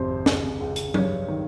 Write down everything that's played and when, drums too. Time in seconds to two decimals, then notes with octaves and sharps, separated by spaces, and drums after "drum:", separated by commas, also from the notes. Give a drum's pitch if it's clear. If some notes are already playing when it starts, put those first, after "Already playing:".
Already playing: G#1 F2 C3 C5
0.26 C#2, drum: snare
0.60 C#2
0.76 drum: hi-hat
0.94 G2 C#5, drum: tom F#3
1.28 D#3